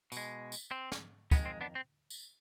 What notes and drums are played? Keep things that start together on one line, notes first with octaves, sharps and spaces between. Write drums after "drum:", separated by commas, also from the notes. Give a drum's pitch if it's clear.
B2 G#3, drum: tambourine
drum: tambourine
C4
drum: snare
F2 D#3 G#3 B3, drum: kick, tambourine
C4
B3 D4
C4
drum: tambourine